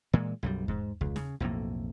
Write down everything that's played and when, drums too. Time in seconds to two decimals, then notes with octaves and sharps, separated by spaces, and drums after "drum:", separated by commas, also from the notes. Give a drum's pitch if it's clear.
0.13 A#2 E3 G#3
0.43 B1 F#2 G3
0.68 G#2, drum: kick E2
1.01 C#2, drum: kick E2
1.16 C#3, drum: snare C#4
1.40 B1 F2 A2 A#3